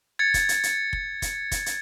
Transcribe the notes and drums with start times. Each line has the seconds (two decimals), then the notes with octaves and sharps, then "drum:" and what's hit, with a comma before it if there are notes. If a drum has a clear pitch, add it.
0.19 G#6 A6 C#7
0.34 drum: kick, hi-hat
0.49 drum: hi-hat
0.63 drum: hi-hat
0.93 drum: kick
1.22 drum: kick, hi-hat
1.51 drum: kick, hi-hat
1.66 drum: hi-hat